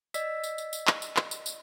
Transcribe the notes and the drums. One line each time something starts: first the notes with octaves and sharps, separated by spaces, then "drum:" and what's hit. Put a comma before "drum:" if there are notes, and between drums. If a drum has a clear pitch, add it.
D5 D#5 E6 B6, drum: tambourine
drum: tambourine
drum: tambourine
drum: tambourine
drum: clap
drum: tambourine
drum: clap
drum: tambourine
drum: tambourine